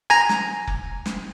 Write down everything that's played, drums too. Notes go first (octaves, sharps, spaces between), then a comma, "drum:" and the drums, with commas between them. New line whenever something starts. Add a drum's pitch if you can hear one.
G#5 A#5
drum: snare
drum: kick F1
drum: snare